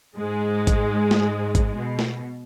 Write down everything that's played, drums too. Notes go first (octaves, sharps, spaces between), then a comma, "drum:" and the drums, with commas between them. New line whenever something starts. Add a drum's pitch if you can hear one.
G#2 G#3
drum: kick G#1, hi-hat
drum: snare
drum: kick G#1, hi-hat
B2
drum: snare